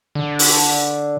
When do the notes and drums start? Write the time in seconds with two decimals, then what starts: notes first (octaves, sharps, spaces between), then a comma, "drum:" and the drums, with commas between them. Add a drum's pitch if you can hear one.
0.15 D3
0.39 drum: open hi-hat